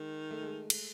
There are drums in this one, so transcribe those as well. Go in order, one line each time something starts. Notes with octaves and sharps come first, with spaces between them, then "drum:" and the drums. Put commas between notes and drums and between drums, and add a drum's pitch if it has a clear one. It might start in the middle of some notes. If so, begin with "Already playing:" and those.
Already playing: D#3 G#3
A3
G#3
drum: cymbal